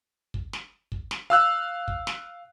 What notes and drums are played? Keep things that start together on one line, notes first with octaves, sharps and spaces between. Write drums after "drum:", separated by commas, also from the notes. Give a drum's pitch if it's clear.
drum: kick
drum: snare
drum: kick
drum: snare
F5 E6 F#6
drum: kick
drum: snare